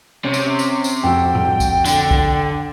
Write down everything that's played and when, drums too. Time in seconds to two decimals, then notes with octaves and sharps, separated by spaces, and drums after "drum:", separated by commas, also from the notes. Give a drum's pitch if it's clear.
0.24 C3 C#4
0.34 drum: tambourine
0.59 drum: tambourine
0.84 drum: tambourine
1.03 F2 F#4 G5 E6
1.35 drum: tom
1.60 drum: kick C2, tambourine
1.85 D3, drum: tambourine
2.11 drum: kick C2